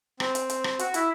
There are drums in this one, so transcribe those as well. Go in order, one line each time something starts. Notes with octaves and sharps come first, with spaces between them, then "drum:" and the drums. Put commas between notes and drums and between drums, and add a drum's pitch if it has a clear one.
C4, drum: rim click
drum: hi-hat
drum: hi-hat
drum: rim click
F#4, drum: hi-hat
E4, drum: hi-hat